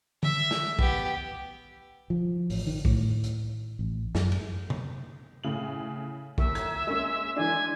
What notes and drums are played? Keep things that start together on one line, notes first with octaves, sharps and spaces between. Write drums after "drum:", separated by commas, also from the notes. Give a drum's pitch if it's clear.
E5, drum: tom D3
drum: snare
B3 G4, drum: kick
F3
A1, drum: open hi-hat
D#3
A2, drum: kick
drum: hi-hat
A1
F#2, drum: snare
drum: cymbal
drum: tom C3
A2 C#3 F#7
D#2 E5, drum: kick
A#5 G#6, drum: hi-hat
G#3 A#3 C#4
E3 G#3 D4 G#5